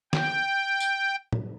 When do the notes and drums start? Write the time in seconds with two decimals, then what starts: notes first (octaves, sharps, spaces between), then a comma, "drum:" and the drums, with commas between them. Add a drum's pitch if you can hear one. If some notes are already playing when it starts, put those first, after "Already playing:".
0.13 G5, drum: snare
0.80 drum: tambourine
1.33 drum: tom